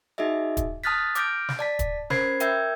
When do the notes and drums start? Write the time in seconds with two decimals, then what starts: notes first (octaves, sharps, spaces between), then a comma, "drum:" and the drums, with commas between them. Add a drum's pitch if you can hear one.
0.18 D#4 F#4 G#4 D#5 E5
0.57 drum: kick, hi-hat
0.84 A5 D#6 F6 F#6 A6 B6
1.15 D6 F6 G6 A#6 D7, drum: hi-hat
1.49 drum: snare
1.59 D5 A5 B6
1.79 drum: kick, hi-hat
2.10 C#4 A#4 C5 B5 G#6 C7, drum: snare
2.40 A#4 E5 G5 E6 G6 G#6, drum: hi-hat